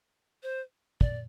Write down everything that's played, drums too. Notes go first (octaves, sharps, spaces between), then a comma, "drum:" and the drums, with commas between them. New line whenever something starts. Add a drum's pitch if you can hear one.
C5
D5, drum: kick